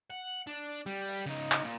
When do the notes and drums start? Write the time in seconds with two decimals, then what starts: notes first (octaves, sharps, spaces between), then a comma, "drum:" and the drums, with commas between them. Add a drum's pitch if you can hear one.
0.10 F#5
0.47 D4
0.86 G3, drum: hi-hat
1.08 drum: open hi-hat
1.26 C#3 D#4
1.52 drum: clap
1.63 A#2